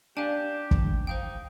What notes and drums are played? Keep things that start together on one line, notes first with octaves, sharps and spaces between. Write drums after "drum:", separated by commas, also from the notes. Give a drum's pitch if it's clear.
D4 G4 F5 G#5
drum: kick
D#4 C5 F5 G5